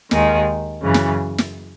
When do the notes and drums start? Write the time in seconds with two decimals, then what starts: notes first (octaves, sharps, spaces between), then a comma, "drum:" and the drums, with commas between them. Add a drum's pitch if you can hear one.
0.11 D#2 D#3 G#3 D#4, drum: snare
0.83 F#2 C#3 E3
0.94 drum: snare
1.38 drum: snare